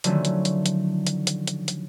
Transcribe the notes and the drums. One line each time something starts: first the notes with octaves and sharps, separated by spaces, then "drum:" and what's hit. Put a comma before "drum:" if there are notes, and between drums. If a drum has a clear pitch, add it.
D3 D#3 F3 F#3 A3 C#4, drum: hi-hat
drum: hi-hat
drum: hi-hat
drum: hi-hat
drum: hi-hat
drum: hi-hat
drum: hi-hat
drum: hi-hat